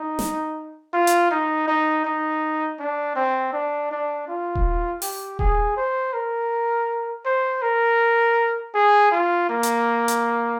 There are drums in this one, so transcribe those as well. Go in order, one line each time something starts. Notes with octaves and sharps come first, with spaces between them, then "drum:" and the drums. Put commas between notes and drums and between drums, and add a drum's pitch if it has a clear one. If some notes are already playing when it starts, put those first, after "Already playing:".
Already playing: D#4
drum: snare
F4
drum: hi-hat
D#4
D#4
D#4
D4
C4
D4
D4
F4
drum: kick D#1
G4, drum: open hi-hat
G#4, drum: kick D#1
C5
A#4
C5
A#4
G#4
F4
A#3
drum: hi-hat
drum: hi-hat